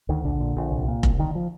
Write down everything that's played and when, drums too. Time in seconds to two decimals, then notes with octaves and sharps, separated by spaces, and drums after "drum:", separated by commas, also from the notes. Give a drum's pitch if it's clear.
0.09 D2 D#3
0.24 A#1 D3
0.40 A#2
0.56 A#1
0.72 C2
0.88 A#2
1.03 C2, drum: kick F1
1.19 D3 D#3
1.35 F3